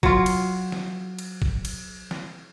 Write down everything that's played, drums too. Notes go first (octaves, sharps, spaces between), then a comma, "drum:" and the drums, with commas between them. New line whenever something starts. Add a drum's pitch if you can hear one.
F#3 F4, drum: kick
drum: cymbal
drum: snare
drum: cymbal
drum: kick
drum: cymbal
drum: snare